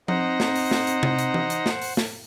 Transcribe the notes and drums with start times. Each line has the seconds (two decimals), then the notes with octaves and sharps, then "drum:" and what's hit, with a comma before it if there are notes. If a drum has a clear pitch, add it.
0.08 C4 D#4 C5 F#5 A#5, drum: tom F3
0.40 drum: snare
0.56 drum: open hi-hat
0.71 drum: snare
0.87 drum: hi-hat
1.03 drum: tom C3
1.19 drum: hi-hat
1.34 drum: tom E3
1.50 drum: hi-hat
1.66 drum: snare
1.82 drum: open hi-hat
1.97 drum: snare